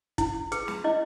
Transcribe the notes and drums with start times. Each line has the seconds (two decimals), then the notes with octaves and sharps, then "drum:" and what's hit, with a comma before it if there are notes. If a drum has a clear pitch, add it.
0.18 E4, drum: kick, hi-hat
0.52 G#4 B4, drum: hi-hat
0.68 drum: snare
0.84 E4 D#5